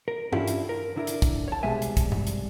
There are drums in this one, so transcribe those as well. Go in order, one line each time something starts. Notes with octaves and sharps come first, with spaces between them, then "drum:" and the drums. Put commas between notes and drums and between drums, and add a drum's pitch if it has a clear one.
A#4
C#4 D4 E4 F4 G4 A4, drum: tom G2
drum: hi-hat
A#4
D3 E4 A#4
drum: hi-hat
drum: kick, hi-hat
C#5 A5
C2 B2 G3 G#3 E5 G#5
drum: hi-hat
drum: kick, hi-hat
drum: tom G2
drum: hi-hat